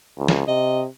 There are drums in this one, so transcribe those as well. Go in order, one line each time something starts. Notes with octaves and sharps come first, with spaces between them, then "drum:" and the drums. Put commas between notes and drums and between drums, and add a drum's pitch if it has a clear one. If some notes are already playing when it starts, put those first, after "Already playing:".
C#2
drum: snare
C3 D#5